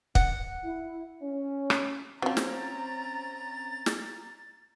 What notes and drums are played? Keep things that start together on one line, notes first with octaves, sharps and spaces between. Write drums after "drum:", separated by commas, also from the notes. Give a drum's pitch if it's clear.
F#5, drum: kick
E4
C#4
drum: rim click
F3 F#3 C4 C#4 A#5 A6
drum: snare
drum: snare